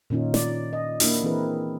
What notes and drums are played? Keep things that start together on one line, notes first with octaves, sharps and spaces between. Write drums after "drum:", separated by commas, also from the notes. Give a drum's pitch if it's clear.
A#2 D#3 C#4 D#4 F4
D5, drum: snare
D#5
A#3 D4 E4 F#4, drum: open hi-hat
E3 C4 E4 G#4 A#4 B4